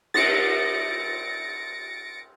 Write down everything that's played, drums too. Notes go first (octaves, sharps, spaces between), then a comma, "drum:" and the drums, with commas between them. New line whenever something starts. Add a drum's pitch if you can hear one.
A6 A#6 C#7 D7, drum: cymbal